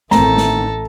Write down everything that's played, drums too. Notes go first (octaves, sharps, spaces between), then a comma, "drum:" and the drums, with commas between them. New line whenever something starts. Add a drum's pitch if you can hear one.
A1 D#3 E3 A3 C4 A4 A#5, drum: snare
drum: snare